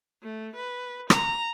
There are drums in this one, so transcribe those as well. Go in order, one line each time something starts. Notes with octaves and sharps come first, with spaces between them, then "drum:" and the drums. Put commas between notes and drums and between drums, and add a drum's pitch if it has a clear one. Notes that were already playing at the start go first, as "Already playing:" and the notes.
A3
B4
A#5, drum: rim click